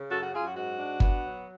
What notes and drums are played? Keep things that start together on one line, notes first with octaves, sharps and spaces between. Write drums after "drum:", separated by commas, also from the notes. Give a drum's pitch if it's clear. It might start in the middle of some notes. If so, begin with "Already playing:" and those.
Already playing: C#3
F#2 F#4 A4
F#4
F#2 F4 G#4
F#4
G#2 F#4
D4
B3, drum: kick G1
F#3